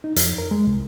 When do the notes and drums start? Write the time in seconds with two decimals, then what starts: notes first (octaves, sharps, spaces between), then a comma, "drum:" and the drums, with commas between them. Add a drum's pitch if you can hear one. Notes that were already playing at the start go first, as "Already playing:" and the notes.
0.04 D#4
0.16 F2, drum: hi-hat
0.38 A#4
0.51 G#3
0.67 C2